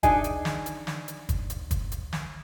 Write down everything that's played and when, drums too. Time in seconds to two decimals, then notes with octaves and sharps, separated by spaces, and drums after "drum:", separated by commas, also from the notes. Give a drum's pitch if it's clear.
0.03 D4 D#4 G#4, drum: kick, hi-hat
0.24 drum: hi-hat
0.45 drum: snare
0.66 drum: hi-hat
0.87 drum: snare
1.08 drum: hi-hat
1.29 drum: kick, hi-hat
1.50 drum: hi-hat
1.71 drum: kick, hi-hat
1.92 drum: hi-hat
2.13 drum: snare